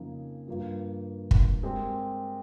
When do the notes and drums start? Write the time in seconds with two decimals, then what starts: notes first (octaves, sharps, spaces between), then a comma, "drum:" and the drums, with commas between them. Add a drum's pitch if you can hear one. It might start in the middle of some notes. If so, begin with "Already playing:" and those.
Already playing: F2 C#3 F3 A#3 D#4
0.47 G2 F3 A#3 F4
1.31 drum: kick
1.63 G#3 C4 G4 A#4